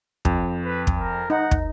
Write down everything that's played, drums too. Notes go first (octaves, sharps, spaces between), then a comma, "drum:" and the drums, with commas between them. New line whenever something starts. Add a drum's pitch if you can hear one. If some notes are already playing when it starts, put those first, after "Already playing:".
F2, drum: kick
B4
drum: kick
A#4
D#4 F#5
drum: kick